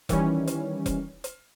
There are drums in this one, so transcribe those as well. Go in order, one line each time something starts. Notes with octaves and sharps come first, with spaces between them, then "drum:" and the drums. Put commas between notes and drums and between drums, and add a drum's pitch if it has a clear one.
D#3 E3 G3 C#4, drum: kick E1, hi-hat
drum: hi-hat
drum: kick E1, hi-hat
drum: hi-hat